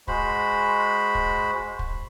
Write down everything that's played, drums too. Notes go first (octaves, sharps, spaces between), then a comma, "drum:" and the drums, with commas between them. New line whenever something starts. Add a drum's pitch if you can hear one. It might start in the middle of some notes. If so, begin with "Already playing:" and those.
G#3 F#4 C5 B5, drum: kick
drum: kick
drum: kick